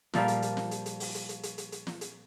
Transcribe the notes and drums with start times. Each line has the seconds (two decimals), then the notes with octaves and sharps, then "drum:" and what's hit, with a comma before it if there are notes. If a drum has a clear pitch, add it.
0.14 A#2 F3 G3 A#3, drum: snare
0.28 drum: hi-hat
0.42 drum: hi-hat
0.57 drum: snare
0.71 drum: hi-hat
0.86 drum: hi-hat
1.00 drum: open hi-hat
1.15 drum: hi-hat
1.29 drum: hi-hat
1.43 drum: hi-hat
1.58 drum: hi-hat
1.72 drum: hi-hat
1.87 drum: snare
2.01 drum: hi-hat